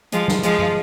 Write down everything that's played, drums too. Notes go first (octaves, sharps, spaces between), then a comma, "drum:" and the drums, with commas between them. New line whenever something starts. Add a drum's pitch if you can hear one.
F3 G#3, drum: hi-hat
drum: snare
F3 G#3, drum: hi-hat
drum: tom G2